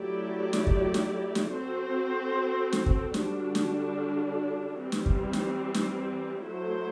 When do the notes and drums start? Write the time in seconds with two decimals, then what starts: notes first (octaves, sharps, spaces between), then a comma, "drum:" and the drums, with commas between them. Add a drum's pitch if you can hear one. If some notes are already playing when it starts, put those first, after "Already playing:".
Already playing: F#3 A3 E4 G4 D5
0.53 drum: snare
0.67 drum: kick
0.94 drum: snare
1.35 drum: snare
1.49 C4 F#4 A4 C5
2.72 drum: snare
2.86 drum: kick
3.14 D3 G3 D4 F#4, drum: snare
3.55 drum: snare
4.78 E3 G3 C4
4.92 drum: snare
5.06 drum: kick
5.33 drum: snare
5.74 drum: snare
6.43 F#3 A3 E4 A4 C5